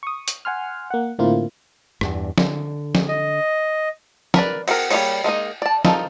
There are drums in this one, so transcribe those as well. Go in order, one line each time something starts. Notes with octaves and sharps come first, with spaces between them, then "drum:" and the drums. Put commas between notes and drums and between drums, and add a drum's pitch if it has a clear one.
C#6 D#6
drum: hi-hat
F#5 G#5 C6 F6
A#3 F#5
A2 D3 A#3 C4 E4 F4
E2 G2, drum: rim click
D3, drum: snare
drum: snare
D#5
A#4 B4 D5, drum: snare
C4 F#4 G#4 A#4, drum: cymbal
G3 A#3 D#4 G#4 C#5, drum: cymbal
G#3 A#3 D#4 D#5
D5 A5
F3 D#4 A4 A#4, drum: snare